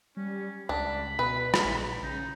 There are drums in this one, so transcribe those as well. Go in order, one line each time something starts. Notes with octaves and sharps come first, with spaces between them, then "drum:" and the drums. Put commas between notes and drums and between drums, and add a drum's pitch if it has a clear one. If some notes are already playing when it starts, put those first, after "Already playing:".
G3 C#4
C#2 D4 B5
B2 B4
drum: rim click
A#1
C#3 D#4